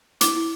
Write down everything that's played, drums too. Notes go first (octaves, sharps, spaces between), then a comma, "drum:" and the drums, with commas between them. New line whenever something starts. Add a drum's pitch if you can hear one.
E4 D6, drum: hi-hat
E4